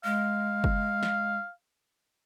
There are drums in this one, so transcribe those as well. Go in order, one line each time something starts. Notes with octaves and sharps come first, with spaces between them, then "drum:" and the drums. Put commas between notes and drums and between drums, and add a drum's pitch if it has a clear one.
G#3 F5
drum: kick F#1
drum: snare